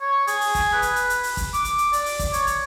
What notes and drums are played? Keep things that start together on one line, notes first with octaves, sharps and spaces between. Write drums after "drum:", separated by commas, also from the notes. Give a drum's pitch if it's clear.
C#5
G#4, drum: hi-hat
drum: open hi-hat
drum: kick F#1, hi-hat
B4
drum: hi-hat
drum: hi-hat
drum: hi-hat
drum: open hi-hat
drum: kick F#1, hi-hat
D6, drum: hi-hat
drum: hi-hat
drum: hi-hat
D5, drum: hi-hat
drum: open hi-hat
drum: kick F#1, hi-hat
C#5, drum: hi-hat
drum: hi-hat